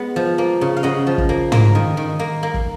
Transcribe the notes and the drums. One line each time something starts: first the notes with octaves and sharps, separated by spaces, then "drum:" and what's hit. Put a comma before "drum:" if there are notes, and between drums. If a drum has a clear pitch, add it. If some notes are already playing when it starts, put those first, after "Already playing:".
Already playing: G#3 B3
F3
A#3
C#3
F5
C#3 D#5 F#5
F3
drum: kick
A#3
A#3, drum: tom
D#3
D#3
A#3
A#3
drum: kick